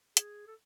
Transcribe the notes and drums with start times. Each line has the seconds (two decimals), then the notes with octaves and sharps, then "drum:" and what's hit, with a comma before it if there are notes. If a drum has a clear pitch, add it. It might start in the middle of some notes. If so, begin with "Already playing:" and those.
0.17 G#4, drum: hi-hat
0.47 A4